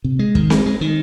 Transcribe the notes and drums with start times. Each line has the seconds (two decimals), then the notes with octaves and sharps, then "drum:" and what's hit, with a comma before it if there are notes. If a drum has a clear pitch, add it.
0.04 C3
0.19 G#3
0.35 D#3, drum: kick
0.50 G#3, drum: snare C4
0.66 G#3
0.81 D#3